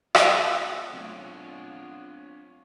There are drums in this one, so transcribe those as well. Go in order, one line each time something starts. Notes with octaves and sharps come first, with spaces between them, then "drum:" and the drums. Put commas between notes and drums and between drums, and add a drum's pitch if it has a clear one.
G#3 B3 F4, drum: rim click
F#5
F#3 A3 C4 D4 G#4 C#5